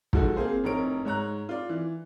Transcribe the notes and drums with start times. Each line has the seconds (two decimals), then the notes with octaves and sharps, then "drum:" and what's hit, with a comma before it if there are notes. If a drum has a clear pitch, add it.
0.13 B1 F3 G#3 F#4 A4, drum: kick
0.37 A#3 C4 F4 G#4 C5
0.64 F1 A2 C4 A#4 C#5 D7
1.05 G#2 C#5 A#5 F#6
1.49 F4 D5
1.69 E3